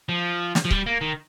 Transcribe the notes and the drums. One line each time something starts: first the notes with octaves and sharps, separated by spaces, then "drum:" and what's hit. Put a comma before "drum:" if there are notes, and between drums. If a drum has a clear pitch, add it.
F3
drum: snare
F3
G3, drum: kick C#1
A#3
D#3